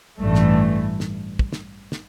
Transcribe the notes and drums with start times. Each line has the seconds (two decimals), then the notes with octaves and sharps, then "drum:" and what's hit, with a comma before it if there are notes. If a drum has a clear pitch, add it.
0.21 A1 G2 E3 A3
0.34 drum: snare
1.00 drum: snare
1.39 drum: kick
1.52 drum: snare
1.92 drum: snare